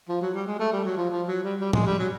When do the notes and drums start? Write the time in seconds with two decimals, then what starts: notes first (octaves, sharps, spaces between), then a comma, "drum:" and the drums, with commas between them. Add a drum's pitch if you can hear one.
0.08 F3
0.21 F#3
0.34 G3
0.47 G#3
0.59 A3
0.72 G3
0.84 F#3
0.97 F3
1.10 F3
1.27 F#3
1.44 G3
1.60 G3
1.73 G#3, drum: tom
1.86 G3
1.99 F#3